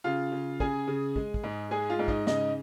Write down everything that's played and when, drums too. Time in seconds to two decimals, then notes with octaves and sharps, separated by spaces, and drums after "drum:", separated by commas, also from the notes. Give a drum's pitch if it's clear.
0.04 C#3 F4 F5
0.32 C#3
0.60 C#3 G#4 G#5, drum: kick
0.87 C#3
1.16 G#3, drum: kick
1.34 drum: kick
1.44 G#2
1.71 G#3 G#4 G#5
1.90 F4 F5
1.99 G#2
2.08 D#4 D#5, drum: kick
2.27 C#3 D#4 D#5, drum: snare